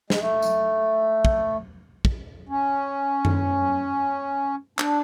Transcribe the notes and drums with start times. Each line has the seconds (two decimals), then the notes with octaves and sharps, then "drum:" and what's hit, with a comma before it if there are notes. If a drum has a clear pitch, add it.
0.10 G#3, drum: snare
0.19 A3
0.42 drum: tambourine
1.25 drum: kick
2.05 drum: kick
2.49 C#4
3.25 drum: tom F#2
4.79 D4, drum: clap